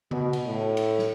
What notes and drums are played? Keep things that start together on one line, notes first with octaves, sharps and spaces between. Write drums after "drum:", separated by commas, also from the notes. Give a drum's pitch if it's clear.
B2, drum: tom C#3
drum: cymbal
A2
drum: cymbal
drum: snare